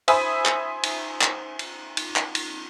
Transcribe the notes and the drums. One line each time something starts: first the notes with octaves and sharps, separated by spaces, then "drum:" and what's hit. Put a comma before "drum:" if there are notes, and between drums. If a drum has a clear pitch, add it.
C5 E5 G#5 B5 D#6 E6, drum: cymbal
drum: clap
drum: cymbal
drum: clap
drum: cymbal
drum: cymbal
drum: clap
drum: cymbal